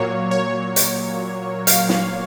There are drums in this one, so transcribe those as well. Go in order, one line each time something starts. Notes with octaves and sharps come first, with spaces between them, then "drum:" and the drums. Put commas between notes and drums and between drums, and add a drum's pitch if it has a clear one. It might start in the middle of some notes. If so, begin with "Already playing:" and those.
Already playing: A#2 F#3 A#3 C#5
C#5
drum: hi-hat
F5, drum: hi-hat
drum: snare